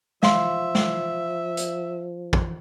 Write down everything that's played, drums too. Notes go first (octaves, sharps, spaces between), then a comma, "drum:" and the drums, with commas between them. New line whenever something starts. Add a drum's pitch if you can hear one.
F3 E5 F5 C6, drum: snare G#3
drum: snare G#3
drum: hi-hat
drum: kick